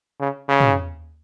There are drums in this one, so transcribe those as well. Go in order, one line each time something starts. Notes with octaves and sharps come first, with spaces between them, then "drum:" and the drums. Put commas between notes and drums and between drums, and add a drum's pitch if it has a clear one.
C#3
C#3
drum: tom